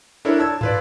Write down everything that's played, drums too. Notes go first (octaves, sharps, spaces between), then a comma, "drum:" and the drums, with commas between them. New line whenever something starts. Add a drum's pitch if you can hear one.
D4 E4 A4 A#4 C#5
A5 E6 G#6
F4 B4 D5, drum: tom